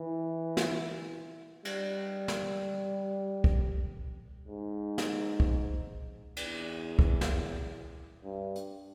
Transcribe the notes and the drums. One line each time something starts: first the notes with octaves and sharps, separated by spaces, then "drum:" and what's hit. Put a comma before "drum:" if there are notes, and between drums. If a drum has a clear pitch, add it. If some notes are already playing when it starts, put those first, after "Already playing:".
Already playing: E3
drum: snare
G3, drum: cymbal
drum: snare
drum: kick
G#2
drum: snare
drum: kick
E2, drum: cymbal
drum: kick
drum: snare
G2
drum: hi-hat